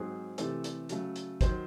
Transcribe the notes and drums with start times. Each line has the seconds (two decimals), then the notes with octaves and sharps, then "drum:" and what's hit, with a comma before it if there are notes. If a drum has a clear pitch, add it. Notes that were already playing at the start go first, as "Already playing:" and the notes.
Already playing: G#2 F#3 C4 G#4
0.38 C3 E3 A3 C4 A4, drum: hi-hat
0.64 drum: hi-hat
0.89 C#3 F#3 A3, drum: hi-hat
1.16 drum: hi-hat
1.41 D#3 F#3 C5, drum: kick, hi-hat